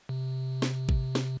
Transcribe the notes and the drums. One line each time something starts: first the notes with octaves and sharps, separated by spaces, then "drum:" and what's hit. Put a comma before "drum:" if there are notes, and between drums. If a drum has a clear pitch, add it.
C3
drum: snare
drum: kick
drum: snare